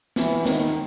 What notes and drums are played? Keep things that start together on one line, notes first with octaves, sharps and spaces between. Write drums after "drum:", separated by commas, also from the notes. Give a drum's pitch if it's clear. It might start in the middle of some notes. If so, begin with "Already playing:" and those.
E3, drum: snare
D#3, drum: snare